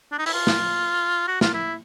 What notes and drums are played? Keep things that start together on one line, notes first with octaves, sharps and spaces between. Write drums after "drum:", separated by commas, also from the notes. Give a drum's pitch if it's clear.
D4
D#4
E4, drum: open hi-hat
F4
drum: snare
F#4
F4, drum: snare
E4